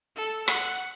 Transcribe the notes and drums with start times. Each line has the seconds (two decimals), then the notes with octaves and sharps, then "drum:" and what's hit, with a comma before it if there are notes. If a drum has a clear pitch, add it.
0.16 A4
0.48 F#5, drum: rim click